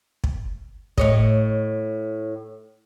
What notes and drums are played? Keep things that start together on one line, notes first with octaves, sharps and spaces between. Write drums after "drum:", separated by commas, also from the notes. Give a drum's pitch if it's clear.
drum: kick
A2 C#5 D#5, drum: kick